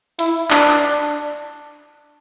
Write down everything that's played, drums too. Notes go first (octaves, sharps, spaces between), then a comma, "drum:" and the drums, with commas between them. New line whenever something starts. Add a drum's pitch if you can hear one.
E4, drum: hi-hat
D4, drum: clap